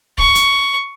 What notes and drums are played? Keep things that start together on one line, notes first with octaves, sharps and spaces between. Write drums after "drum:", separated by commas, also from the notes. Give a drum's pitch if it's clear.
C#6, drum: kick
drum: hi-hat